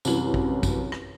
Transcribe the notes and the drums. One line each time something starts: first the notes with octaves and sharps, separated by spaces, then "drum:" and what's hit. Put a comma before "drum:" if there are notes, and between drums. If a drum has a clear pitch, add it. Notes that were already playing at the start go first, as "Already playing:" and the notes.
C2 F#2 E3 F#7, drum: tambourine
drum: kick
drum: kick, tambourine
drum: rim click